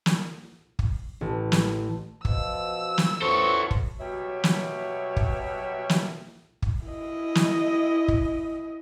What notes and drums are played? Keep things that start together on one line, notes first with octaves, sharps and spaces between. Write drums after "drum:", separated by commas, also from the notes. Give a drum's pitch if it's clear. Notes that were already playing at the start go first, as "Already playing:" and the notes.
drum: snare
drum: kick
A1
drum: snare
B2 F3 E6, drum: kick
drum: snare
B3 C#4 E4 A4 C5 C#6
drum: kick
B2 F#3 G3 C#5 E5
drum: snare
drum: kick
drum: snare
drum: kick
E4 D#5
drum: snare
drum: kick